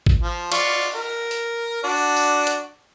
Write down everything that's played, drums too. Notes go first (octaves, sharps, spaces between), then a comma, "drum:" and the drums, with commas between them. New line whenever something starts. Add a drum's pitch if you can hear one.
drum: kick G#1
F3
F4 D5 C#6, drum: cymbal
A#4
drum: open hi-hat
D4 F#4 D5
drum: tambourine
drum: hi-hat